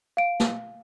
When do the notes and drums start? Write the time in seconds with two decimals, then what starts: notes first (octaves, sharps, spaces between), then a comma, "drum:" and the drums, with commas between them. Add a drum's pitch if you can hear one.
0.17 F5 D7
0.40 drum: snare